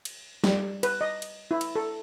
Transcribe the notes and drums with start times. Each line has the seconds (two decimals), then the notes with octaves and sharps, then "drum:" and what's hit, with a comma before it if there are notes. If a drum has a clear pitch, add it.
0.05 drum: cymbal
0.44 G3, drum: snare
0.83 B4, drum: cymbal
1.01 D#5
1.22 drum: cymbal
1.51 E4
1.61 drum: cymbal
1.76 A4